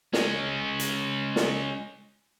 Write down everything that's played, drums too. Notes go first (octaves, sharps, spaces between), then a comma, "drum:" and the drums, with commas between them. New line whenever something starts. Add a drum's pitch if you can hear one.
G#3 C#4, drum: snare
drum: hi-hat
drum: snare